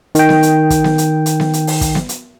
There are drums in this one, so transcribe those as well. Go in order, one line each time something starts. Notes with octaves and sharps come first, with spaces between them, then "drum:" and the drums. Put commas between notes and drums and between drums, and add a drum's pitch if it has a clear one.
D#3 G5, drum: hi-hat
drum: snare B3
drum: hi-hat
drum: kick, hi-hat
drum: snare B3
drum: hi-hat
drum: hi-hat
drum: snare B3
drum: hi-hat
drum: open hi-hat
drum: kick, hi-hat
drum: snare B3
drum: hi-hat